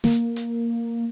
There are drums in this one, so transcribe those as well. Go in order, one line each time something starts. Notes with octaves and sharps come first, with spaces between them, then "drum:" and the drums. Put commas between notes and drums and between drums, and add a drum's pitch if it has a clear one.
A#3, drum: snare
drum: hi-hat